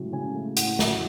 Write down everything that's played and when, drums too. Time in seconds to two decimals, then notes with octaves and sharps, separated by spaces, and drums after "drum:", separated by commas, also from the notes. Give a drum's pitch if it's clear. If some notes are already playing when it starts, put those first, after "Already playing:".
Already playing: A2 C#3 F#3 G#3
0.13 C#3 G#5
0.34 A3
0.57 A2 F#5, drum: hi-hat
0.79 F#3, drum: snare